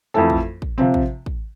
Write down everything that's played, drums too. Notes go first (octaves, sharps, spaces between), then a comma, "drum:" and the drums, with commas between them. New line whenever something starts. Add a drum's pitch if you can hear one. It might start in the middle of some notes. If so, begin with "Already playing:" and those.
F2 E3 A3 E4 A4
drum: kick
drum: kick
C3 F3 C4
drum: kick
drum: kick